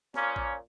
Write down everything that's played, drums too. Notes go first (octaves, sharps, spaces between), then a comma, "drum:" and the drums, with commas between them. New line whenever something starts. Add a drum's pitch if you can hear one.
A#2 F3 A#3 C#4, drum: snare
drum: kick A#1